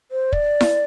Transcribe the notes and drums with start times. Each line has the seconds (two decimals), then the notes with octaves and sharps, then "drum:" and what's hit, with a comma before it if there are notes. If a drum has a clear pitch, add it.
0.11 C5
0.33 D5, drum: kick
0.61 drum: snare E4